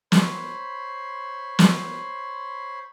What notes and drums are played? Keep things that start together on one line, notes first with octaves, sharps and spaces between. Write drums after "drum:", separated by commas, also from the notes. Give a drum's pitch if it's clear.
C5 C#5 B5 C6, drum: snare
drum: snare